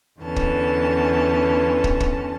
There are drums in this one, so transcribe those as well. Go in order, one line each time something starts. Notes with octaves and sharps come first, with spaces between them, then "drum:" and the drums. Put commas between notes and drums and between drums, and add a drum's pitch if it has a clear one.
E2 D3 E3 C#4 A5
drum: kick
drum: kick
drum: kick